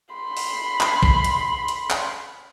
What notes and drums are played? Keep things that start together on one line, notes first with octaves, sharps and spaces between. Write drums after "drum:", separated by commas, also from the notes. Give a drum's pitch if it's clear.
B5 C6
drum: open hi-hat
drum: clap
drum: kick
drum: hi-hat
drum: hi-hat
drum: clap